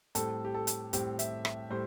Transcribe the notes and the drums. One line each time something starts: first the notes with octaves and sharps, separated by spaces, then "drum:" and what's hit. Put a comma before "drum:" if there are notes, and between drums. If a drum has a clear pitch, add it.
A2 G3 C4 A4, drum: hi-hat
G4
A4
drum: hi-hat
A2 G3 C4 G4, drum: hi-hat
E5, drum: hi-hat
E5, drum: rim click
A2 G3 C5